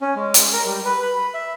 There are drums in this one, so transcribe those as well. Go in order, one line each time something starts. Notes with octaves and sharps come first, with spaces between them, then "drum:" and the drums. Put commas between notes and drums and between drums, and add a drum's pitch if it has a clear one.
C#4
G#3
drum: hi-hat
A#4
G3
B4
B5
E5